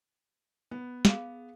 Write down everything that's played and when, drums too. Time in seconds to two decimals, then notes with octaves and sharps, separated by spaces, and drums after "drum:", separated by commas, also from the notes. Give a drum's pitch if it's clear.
0.71 B3
1.05 G#4 F5, drum: snare